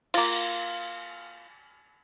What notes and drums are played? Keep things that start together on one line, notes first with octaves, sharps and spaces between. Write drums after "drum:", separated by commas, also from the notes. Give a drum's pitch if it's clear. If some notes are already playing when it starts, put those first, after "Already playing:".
A#3 F4, drum: cymbal